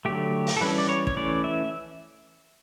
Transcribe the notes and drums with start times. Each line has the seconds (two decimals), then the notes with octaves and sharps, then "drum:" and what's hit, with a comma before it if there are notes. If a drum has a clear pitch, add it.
0.05 D3 F#3 A3 G4
0.47 drum: open hi-hat
0.57 A4
0.61 E3 G3 C#4 B4
0.78 D5
0.89 C#5
1.07 C#5, drum: kick
1.17 E3 A3 C#4 D5
1.44 E5